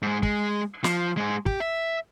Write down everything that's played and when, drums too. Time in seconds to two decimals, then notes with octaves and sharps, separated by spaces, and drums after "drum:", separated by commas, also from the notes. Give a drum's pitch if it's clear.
0.02 G#2 G#3
0.23 G#3, drum: kick
0.84 F3, drum: snare
1.17 G#2 G#3
1.46 G4, drum: kick
1.60 E5